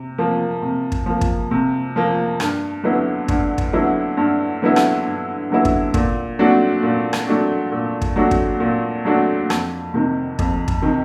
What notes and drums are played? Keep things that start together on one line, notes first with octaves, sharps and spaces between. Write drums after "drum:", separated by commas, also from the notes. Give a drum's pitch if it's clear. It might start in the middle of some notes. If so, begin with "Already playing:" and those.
Already playing: C3
F3 A#3
C3
drum: kick
F3 A#3
drum: kick
C3
F3 A#3
G2, drum: rim click
D3 F#3 B3 E4
G2, drum: kick
drum: kick
D3 F#3 B3 E4
G2
D3 F#3 B3 E4
drum: rim click
G2
D3 F#3 B3 E4
drum: kick
A#2, drum: kick
F#3 A3 D4 F#4
A#2
drum: rim click
F#3 A3 D4 F#4
A#2
drum: kick
F#3 A3 D4 F#4
drum: kick
A#2
F#3 A3 D4 F#4
F2, drum: rim click
C3 D#3
F2, drum: kick
drum: kick
C3 D#3